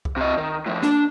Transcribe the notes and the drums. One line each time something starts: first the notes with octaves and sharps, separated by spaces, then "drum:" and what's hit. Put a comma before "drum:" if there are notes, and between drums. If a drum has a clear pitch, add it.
drum: kick C2
C3 D#5
D#3
A2 F3
D4, drum: snare